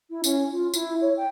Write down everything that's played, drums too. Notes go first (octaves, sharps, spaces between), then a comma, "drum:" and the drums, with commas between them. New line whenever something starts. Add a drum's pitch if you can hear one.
E4
C#4, drum: tambourine
F4
E4, drum: tambourine
C#5
G5